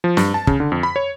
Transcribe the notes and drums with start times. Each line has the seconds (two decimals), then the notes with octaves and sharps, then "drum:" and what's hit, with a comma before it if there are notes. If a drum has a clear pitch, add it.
0.04 F3
0.17 G2, drum: snare
0.34 A5
0.47 C#3, drum: kick
0.60 D3
0.72 F2
0.83 B5
0.96 C#5